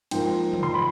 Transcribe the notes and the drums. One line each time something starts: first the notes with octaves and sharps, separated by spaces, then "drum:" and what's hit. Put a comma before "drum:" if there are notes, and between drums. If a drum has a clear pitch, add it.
G#2 F3 A#3 G5, drum: cymbal
drum: tom
C6
B5